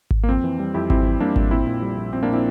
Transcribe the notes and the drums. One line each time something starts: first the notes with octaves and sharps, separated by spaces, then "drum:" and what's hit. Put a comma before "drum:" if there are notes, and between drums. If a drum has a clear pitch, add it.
drum: kick G#1
A#3
F2 C4
E3
G3
F2 E4 G4
F2 C4 E4, drum: kick G#1
E3
G3 A#3 D4
F2, drum: kick G#1
A#1 C4 E4
A#2
G3
A#1
A#1 C4
A#3 D4
A#2
C4 E4